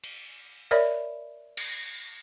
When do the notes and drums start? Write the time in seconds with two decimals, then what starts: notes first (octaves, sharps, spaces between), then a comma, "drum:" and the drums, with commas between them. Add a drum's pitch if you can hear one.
0.04 drum: cymbal
0.71 A#4 C#5 D5 E5 B5
1.57 drum: cymbal